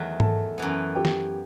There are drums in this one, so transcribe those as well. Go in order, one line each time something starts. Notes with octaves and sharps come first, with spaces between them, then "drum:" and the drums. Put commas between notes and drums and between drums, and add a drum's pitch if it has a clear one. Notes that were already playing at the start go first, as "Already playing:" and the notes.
Already playing: E2 D#3 F#3 A3
A4 A5, drum: tom G#2
F#2 E3 B3
G4 G5
drum: snare